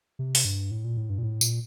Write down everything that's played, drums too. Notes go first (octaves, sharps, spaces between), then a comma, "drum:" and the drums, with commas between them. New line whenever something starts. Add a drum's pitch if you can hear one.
C3
drum: open hi-hat
G2
A2
A#2
A2
G2
A#2
A2
A#2, drum: tambourine